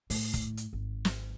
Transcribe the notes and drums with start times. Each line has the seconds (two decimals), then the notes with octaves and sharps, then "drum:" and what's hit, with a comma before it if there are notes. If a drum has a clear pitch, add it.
0.10 A2, drum: open hi-hat
0.34 drum: kick, hi-hat
0.57 drum: hi-hat
0.73 G#1
1.05 drum: snare